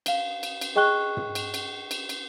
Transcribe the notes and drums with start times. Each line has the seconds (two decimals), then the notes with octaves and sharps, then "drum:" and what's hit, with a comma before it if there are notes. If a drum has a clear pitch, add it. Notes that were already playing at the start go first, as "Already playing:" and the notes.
0.06 F5 G7, drum: cymbal
0.43 drum: cymbal
0.61 drum: cymbal
0.76 G#4 D#5 G5 C#6 F#6 G7
1.17 drum: tom
1.35 drum: cymbal
1.54 drum: cymbal
1.91 drum: cymbal
2.09 drum: cymbal